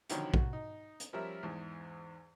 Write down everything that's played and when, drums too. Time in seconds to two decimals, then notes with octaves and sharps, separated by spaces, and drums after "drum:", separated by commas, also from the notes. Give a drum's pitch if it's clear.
0.10 B2 D3 D#3 F3 F#3 C#4, drum: hi-hat
0.34 F#4, drum: kick A#1
0.53 D#4
1.00 drum: hi-hat
1.13 F3 G3 C#4 A#4 E5
1.43 E2 G#2